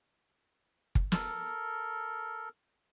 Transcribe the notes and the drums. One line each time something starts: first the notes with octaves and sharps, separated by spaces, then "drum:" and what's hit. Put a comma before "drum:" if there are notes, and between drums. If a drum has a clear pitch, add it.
drum: kick
A4 A#4, drum: snare